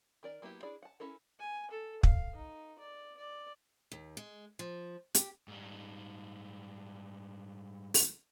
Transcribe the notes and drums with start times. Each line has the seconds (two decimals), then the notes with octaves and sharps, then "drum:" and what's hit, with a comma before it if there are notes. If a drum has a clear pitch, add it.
0.23 D#3 A#4 D5
0.42 F#3 A#3 B3 E4 G4
0.63 D4 E4 G#4 D5
0.83 F#5 A5
1.00 C#4 E4 A4 A#4
1.39 G#5
1.71 A4
2.03 F5, drum: kick
2.35 D#4
2.79 D5
3.17 D5
3.92 D#2
4.17 G#3
4.59 F3
5.15 G4, drum: hi-hat
5.48 G#2 G3
7.94 drum: open hi-hat